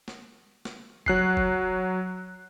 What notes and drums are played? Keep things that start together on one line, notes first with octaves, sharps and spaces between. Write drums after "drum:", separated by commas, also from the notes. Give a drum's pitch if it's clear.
drum: snare
drum: snare
F#3 F#6 C7, drum: kick F1
drum: kick F1